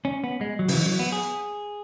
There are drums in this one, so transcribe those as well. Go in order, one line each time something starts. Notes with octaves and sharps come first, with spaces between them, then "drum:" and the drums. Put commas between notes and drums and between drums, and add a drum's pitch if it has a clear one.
C#4
B3
G#3
F#3
C#3, drum: open hi-hat
E3
F#3
B3
G#4